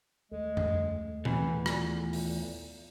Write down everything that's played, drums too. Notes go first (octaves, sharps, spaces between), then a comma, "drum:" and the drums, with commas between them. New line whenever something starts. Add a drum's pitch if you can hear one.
D#2 G#3 A3
drum: tom F2
E2 E3, drum: tom A#2
A#2, drum: rim click
drum: open hi-hat